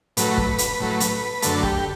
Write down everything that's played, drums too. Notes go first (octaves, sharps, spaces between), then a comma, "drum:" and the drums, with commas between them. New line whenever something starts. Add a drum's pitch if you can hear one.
A2 F#3 A3 B4, drum: hi-hat
drum: kick
drum: hi-hat
A2 F#3 A3
drum: hi-hat
F#2 D3 A3 A4, drum: hi-hat
G4, drum: kick